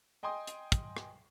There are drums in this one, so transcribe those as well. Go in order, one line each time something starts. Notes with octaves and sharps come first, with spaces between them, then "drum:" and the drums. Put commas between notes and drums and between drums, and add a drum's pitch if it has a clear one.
D#5 G5 G#5 C6 D#6
drum: hi-hat
drum: kick, hi-hat
drum: rim click